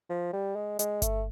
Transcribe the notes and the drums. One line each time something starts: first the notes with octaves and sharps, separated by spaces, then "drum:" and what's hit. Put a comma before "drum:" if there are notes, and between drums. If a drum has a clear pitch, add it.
F3
G3
G#3
G#3, drum: hi-hat
A3, drum: kick G1, hi-hat